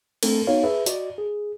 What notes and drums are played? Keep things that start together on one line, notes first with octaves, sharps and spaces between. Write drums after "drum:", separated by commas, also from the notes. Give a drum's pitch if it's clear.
A3 C4 D4 A4 A#4, drum: cymbal
B3 D#4 F#4 A#4 C#5 F5
G#4 B4 E5
F#4 D5 D#5, drum: hi-hat
G#4